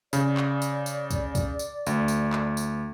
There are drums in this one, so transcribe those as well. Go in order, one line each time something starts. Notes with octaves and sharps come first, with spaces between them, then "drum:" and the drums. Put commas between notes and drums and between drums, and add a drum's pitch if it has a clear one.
C#3 D5, drum: tambourine
drum: clap
drum: tambourine
drum: tambourine
drum: kick, tambourine
drum: kick, tambourine
drum: tambourine
D2, drum: tambourine
drum: tambourine
drum: clap
drum: tambourine